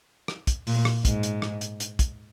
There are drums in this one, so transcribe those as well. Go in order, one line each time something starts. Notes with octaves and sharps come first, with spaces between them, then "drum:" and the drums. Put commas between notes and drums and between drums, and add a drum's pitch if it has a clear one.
drum: rim click
drum: kick, hi-hat
A#2, drum: open hi-hat
drum: rim click
G#2, drum: kick, hi-hat
drum: hi-hat
drum: rim click
drum: hi-hat
drum: hi-hat
drum: kick, hi-hat